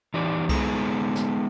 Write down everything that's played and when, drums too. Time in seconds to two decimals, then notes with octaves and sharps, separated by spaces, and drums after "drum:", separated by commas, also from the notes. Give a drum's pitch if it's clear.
0.14 E3 D#4 G4 D5
0.49 G#3 B3 D#4 G#4 A4 B4, drum: kick C2, cymbal
1.16 drum: snare